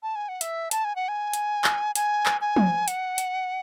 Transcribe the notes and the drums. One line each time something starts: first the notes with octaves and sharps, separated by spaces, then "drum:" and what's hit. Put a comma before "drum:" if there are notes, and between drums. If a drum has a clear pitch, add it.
A5
G#5
F#5
E5, drum: hi-hat
A5, drum: hi-hat
G#5
F#5
G#5
drum: hi-hat
drum: clap
G#5, drum: hi-hat
drum: clap
G#5
drum: tom
F#5, drum: hi-hat
drum: hi-hat